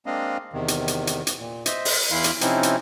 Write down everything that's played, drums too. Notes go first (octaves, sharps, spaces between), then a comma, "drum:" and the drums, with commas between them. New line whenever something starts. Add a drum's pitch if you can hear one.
G#3 A#3 C4 D4 D#5 F5
E2 C3 D#3
drum: hi-hat
drum: hi-hat
drum: hi-hat
drum: hi-hat
A#2
C5 D#5 E5, drum: hi-hat
drum: open hi-hat
E2 E3 E4 F5 B5 C6
drum: hi-hat
C3 F3 C4 C#4 D#4 E4, drum: hi-hat
drum: hi-hat